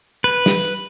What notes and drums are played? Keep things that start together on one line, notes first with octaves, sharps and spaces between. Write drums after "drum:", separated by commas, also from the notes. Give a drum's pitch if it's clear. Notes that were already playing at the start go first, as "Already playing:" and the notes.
B4
drum: snare